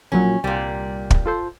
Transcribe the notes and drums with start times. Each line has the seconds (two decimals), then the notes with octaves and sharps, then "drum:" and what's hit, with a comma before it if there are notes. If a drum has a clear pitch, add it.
0.12 A#1 A#2 F#3 C#4
0.44 C2 A#2 G3
1.11 drum: kick
1.26 F4 A4 C5